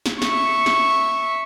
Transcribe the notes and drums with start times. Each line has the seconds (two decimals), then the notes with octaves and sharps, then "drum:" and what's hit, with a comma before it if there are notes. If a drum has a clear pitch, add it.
0.06 drum: snare
0.22 E5 C#6, drum: snare
0.66 drum: snare